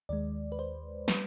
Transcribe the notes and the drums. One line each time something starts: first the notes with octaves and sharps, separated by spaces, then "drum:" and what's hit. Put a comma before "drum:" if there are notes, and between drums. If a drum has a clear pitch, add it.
D#2 D#3 G#3 D5
B4
C5
G3 B4, drum: snare